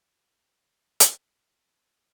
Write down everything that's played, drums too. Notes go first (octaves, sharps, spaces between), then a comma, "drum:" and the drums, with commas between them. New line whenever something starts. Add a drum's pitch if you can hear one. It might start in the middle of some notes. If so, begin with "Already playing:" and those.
G4 D#6 E6 F#6
drum: hi-hat